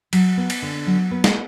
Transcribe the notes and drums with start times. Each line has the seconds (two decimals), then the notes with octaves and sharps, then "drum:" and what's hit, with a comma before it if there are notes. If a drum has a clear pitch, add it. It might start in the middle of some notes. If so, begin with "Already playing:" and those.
0.13 F#3, drum: cymbal
0.37 B3
0.50 drum: cymbal
0.62 D3
0.87 F#3
1.11 B3
1.24 drum: snare